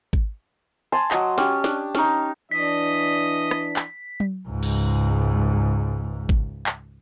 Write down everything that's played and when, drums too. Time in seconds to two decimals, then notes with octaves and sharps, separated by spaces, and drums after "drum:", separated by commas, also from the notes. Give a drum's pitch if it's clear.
0.13 drum: kick G#1
0.92 G#5 A5 C6
1.11 F#3 D#5, drum: clap
1.38 C#4 G4, drum: snare
1.64 D4, drum: snare
1.95 C#4 D#4, drum: snare
2.51 E3 D4 D#5 B6
3.51 drum: rim click
3.76 drum: clap
4.20 drum: tom F#3
4.49 C#2 G#2
4.63 drum: cymbal
6.29 drum: kick G#1
6.66 drum: clap